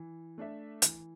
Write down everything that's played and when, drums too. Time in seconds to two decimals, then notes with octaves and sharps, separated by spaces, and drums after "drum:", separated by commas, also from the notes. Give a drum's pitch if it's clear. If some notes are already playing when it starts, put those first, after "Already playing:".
Already playing: E3
0.38 A3 D4 A4 E5
0.82 E3, drum: hi-hat